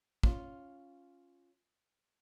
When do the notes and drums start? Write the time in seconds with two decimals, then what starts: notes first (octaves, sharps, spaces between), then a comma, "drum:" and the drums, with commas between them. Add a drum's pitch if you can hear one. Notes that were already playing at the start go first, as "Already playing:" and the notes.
0.23 C#4 F4, drum: kick